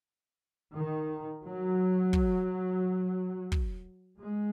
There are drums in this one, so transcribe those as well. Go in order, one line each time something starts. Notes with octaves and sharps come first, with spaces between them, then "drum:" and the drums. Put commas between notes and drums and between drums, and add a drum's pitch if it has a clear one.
D#3
F#3
drum: kick
drum: kick
G#3